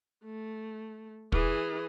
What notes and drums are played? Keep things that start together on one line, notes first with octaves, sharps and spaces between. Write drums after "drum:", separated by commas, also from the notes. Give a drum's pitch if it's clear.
A3
E3 G#4, drum: kick